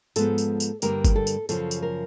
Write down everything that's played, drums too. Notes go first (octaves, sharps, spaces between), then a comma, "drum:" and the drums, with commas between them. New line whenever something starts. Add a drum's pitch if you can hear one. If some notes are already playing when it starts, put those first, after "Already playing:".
G#2 F3 G#3 B3 A4, drum: tambourine
drum: tambourine
drum: tambourine
G2 D3 G3 A#3 A#4, drum: tambourine
drum: kick G1, tambourine
A4
drum: tambourine
F#2 C#3 F3 A4, drum: tambourine
drum: tambourine
A#4